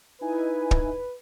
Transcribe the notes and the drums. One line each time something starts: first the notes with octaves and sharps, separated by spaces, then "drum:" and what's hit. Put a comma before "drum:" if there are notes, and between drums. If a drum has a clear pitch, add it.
D#4 E4 B4 G#5
drum: kick